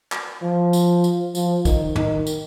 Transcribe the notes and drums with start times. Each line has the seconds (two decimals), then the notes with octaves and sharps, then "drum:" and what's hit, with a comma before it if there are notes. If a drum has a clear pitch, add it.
0.12 drum: clap
0.42 F3
0.73 drum: tambourine
1.04 drum: tambourine
1.35 F3, drum: tambourine
1.65 D#3, drum: kick, tambourine
1.96 D#3, drum: tom
2.27 drum: tambourine